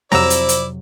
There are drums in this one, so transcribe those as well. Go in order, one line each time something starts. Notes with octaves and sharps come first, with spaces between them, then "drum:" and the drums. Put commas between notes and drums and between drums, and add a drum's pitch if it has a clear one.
F2 C3 F#3 E4 C5 D5 A#5 E6, drum: snare
drum: hi-hat
drum: hi-hat